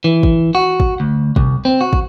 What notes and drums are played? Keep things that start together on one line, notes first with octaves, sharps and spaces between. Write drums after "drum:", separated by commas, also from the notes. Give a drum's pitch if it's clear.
E3
drum: kick
F#4
drum: kick
D2
C2, drum: kick
C4
F#4
drum: kick